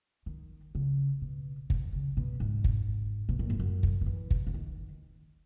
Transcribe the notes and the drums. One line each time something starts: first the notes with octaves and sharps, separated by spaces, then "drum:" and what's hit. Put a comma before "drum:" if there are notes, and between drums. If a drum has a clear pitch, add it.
D#3
C#3
B2
D#3, drum: kick
C#3
B2
G#2
drum: kick
B2
A#2
G#2
F#2
drum: kick
D#3
E3
drum: kick
E3
D#3